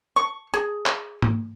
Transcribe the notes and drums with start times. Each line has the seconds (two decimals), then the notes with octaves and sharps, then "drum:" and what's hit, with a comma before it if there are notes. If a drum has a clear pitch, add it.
0.16 C#6
0.54 G#4
0.86 drum: clap
1.22 drum: tom G#2